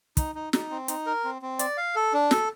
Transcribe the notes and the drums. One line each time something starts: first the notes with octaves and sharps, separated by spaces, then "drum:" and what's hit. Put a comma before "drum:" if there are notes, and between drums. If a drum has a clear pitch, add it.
D#4, drum: kick, hi-hat
D#4
D#4, drum: snare
C4
D#4, drum: hi-hat
A#4
C4
C4
D5, drum: hi-hat
F5
A4
D4
A4, drum: snare